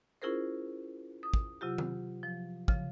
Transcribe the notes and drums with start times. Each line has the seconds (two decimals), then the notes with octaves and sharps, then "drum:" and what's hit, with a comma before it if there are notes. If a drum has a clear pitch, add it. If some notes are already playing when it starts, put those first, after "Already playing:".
0.22 C#4 E4 F4 G#4 A#4 C5
1.23 D#6
1.34 drum: kick
1.61 C3 F#3 F4 G4
1.78 drum: tom D#3
2.23 F3
2.68 C#3 F3, drum: kick